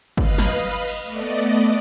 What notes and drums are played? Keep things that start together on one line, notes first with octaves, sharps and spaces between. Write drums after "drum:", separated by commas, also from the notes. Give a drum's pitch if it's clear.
B4 D#5 F5 B5, drum: kick
drum: snare
drum: cymbal
A3 B3 D5 D#5